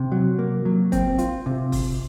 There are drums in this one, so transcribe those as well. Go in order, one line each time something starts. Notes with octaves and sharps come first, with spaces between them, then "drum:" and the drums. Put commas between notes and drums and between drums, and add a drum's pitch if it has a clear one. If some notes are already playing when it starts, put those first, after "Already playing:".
Already playing: C3
F#3
A#3
F#3
C4, drum: kick, hi-hat
F4, drum: hi-hat
C3
drum: kick, open hi-hat